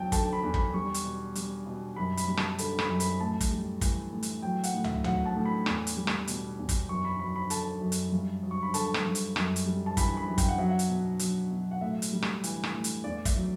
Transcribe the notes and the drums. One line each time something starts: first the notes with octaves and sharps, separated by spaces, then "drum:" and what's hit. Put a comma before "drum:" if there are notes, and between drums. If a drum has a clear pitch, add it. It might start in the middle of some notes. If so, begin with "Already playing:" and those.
Already playing: E2 F#3 G5 A5
D3 A5, drum: kick, hi-hat
B5
E2
B5, drum: kick
G3 C#6
drum: hi-hat
B2
G3, drum: hi-hat
B2
F#2 B5
B5, drum: hi-hat
G3
A5, drum: rim click
D3 B5, drum: hi-hat
B5, drum: rim click
F#2
B5, drum: hi-hat
A2 A5
drum: kick, hi-hat
G3
E3, drum: kick, hi-hat
A2
drum: hi-hat
F#3 G5
F#5, drum: hi-hat
A2
E5, drum: tom
F#3 F#5, drum: tom
A5
A2
B5
E2, drum: rim click
drum: hi-hat
G3
drum: rim click
B2, drum: hi-hat
E2
drum: kick, hi-hat
F#2 C#6
B5
F#3 B5
B5
D3 A5, drum: hi-hat
F#2
drum: hi-hat
G2
F#3
C#6
B5
D3 A5, drum: hi-hat
drum: rim click
G2
drum: hi-hat
F#2, drum: rim click
drum: hi-hat
G3
A5
E3 B5, drum: kick, hi-hat
B5
F#2
G5, drum: kick, hi-hat
F#5
F#3 E5
F#5
drum: hi-hat
B2
F#3, drum: hi-hat
B2
F#5
A2 E5
drum: hi-hat
G3
drum: rim click
E3, drum: hi-hat
drum: rim click
A2
drum: hi-hat
E2 D5
E5, drum: kick, hi-hat
F#3